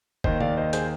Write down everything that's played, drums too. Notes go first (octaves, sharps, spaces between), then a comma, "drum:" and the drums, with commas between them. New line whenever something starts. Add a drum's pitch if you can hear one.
D#2 D#3 C5 D#5, drum: kick F1
D5 F5, drum: tom C3
C5 D#5
G#4 C5, drum: hi-hat